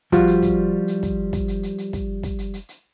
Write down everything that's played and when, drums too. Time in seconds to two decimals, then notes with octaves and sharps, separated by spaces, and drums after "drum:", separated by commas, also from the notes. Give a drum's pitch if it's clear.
0.12 F3 G3 F4 F#4, drum: kick, hi-hat
0.27 drum: hi-hat
0.43 drum: kick, hi-hat
0.88 drum: hi-hat
1.03 drum: kick, hi-hat
1.33 drum: kick, hi-hat
1.48 drum: hi-hat
1.63 drum: hi-hat
1.78 drum: hi-hat
1.93 drum: kick, hi-hat
2.23 drum: kick, hi-hat
2.38 drum: hi-hat
2.54 drum: hi-hat
2.69 drum: hi-hat